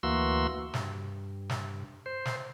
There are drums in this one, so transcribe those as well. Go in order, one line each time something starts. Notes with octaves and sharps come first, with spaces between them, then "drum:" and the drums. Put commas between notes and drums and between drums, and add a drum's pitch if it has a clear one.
D2 E3 A#3 F#4 C6 E6
G2, drum: snare
drum: snare
C5
drum: snare